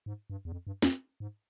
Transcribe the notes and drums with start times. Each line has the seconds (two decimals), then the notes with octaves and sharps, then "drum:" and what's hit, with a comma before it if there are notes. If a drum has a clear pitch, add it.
0.06 G#2
0.30 G2
0.45 E2
0.52 F2
0.67 G2
0.82 F2, drum: snare C4
1.20 G#2